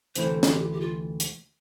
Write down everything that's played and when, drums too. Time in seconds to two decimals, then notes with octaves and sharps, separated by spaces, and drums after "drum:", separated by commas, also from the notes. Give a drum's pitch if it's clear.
0.15 D2 C3 E3 A3 C5, drum: hi-hat
0.43 F4, drum: snare
0.53 G4
0.62 F4
0.72 G4
0.81 F4
1.20 drum: hi-hat